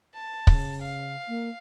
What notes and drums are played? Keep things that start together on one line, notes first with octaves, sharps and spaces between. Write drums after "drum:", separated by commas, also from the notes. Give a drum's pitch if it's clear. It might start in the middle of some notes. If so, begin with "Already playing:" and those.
A5
C#3, drum: kick
F5
A#3